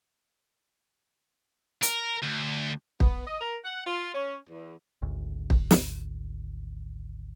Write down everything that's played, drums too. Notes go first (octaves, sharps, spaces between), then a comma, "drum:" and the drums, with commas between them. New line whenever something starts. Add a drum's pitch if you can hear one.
A#4, drum: hi-hat
D2
B3, drum: kick
D#5
A#4
F#5
F4
C#4
E2
G#1 D2
drum: kick
drum: snare